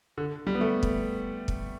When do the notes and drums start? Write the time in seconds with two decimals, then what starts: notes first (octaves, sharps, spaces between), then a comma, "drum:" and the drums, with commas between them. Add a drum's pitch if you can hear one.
0.18 D3
0.47 G3
0.55 B3
0.61 A3
0.83 drum: kick
1.48 drum: kick